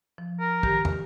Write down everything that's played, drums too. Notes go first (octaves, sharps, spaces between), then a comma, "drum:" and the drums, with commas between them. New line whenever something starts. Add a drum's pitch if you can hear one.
F3
A#4
D#3 G4, drum: kick
drum: tom